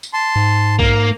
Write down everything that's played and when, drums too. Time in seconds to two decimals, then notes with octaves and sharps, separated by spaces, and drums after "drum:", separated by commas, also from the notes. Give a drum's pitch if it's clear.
0.03 drum: tambourine
0.13 A5 C6
0.36 G#2
0.79 A#3, drum: kick